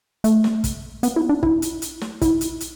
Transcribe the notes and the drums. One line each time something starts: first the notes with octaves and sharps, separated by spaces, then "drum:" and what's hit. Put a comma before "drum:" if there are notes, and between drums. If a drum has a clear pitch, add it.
A3, drum: hi-hat
drum: snare
drum: kick, hi-hat
B3, drum: hi-hat
E4
D4
E4, drum: kick
drum: hi-hat
drum: hi-hat
drum: snare
E4, drum: kick, hi-hat
drum: hi-hat
drum: hi-hat